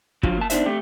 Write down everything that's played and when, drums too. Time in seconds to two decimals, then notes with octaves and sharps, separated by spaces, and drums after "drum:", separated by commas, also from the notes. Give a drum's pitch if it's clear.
0.23 D3 F3 F#3 F4, drum: kick
0.38 A#3 A5
0.50 B3 D4 D#4 C5 E5, drum: hi-hat
0.66 A3 C4 G4